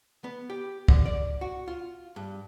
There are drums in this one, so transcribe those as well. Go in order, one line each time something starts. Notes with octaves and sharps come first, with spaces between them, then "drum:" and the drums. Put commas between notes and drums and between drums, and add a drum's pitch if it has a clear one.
B3
G4
D3, drum: kick
D5
F#4
F4
G2